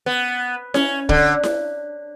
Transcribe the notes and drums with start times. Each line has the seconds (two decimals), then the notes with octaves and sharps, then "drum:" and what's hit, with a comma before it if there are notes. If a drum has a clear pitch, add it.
0.06 B3
0.74 C#4, drum: snare E4
1.09 D3, drum: kick
1.43 drum: snare E4